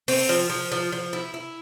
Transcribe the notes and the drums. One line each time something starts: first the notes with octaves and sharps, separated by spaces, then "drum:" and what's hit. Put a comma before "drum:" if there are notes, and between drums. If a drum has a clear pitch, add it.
C4, drum: open hi-hat
F3
F3
F3
F3
E4
E4